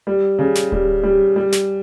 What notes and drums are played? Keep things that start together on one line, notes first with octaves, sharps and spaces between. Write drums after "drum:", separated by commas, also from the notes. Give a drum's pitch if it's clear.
G3
C#3
drum: snare
G3, drum: kick D1
G3
G3
drum: snare